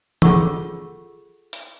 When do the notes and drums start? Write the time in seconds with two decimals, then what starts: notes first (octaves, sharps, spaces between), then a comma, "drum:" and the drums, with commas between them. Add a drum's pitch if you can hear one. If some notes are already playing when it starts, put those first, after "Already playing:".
0.22 F4 G#4 A4 F#5 C#6 E6, drum: tom
1.53 drum: hi-hat